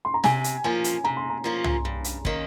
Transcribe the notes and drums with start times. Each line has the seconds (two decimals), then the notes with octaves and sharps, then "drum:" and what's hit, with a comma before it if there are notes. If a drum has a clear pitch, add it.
0.05 C6
0.14 A#5
0.24 C3 G#5, drum: snare
0.44 drum: hi-hat
0.64 F3 A#3 C#4 F4 G#5
0.84 drum: hi-hat
1.04 C3 A#5
1.17 C6
1.30 A#5
1.44 F3 A#3 C#4 F4
1.64 drum: tom C2
1.85 G2
2.04 drum: hi-hat
2.25 D#3 A#3 C#4, drum: kick